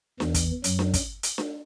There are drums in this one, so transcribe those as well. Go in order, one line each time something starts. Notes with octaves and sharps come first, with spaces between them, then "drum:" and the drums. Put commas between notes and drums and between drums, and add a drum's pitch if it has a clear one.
E2 E3, drum: snare D4
drum: kick, hi-hat
F#2 F#3, drum: hi-hat
drum: snare D4
drum: kick, hi-hat
drum: hi-hat
drum: snare D4